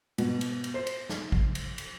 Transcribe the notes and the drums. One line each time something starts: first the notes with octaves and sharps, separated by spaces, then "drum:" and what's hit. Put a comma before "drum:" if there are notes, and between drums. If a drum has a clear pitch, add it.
B2, drum: cymbal
drum: cymbal
drum: cymbal
C5
drum: cymbal
drum: snare
drum: kick
drum: cymbal
drum: cymbal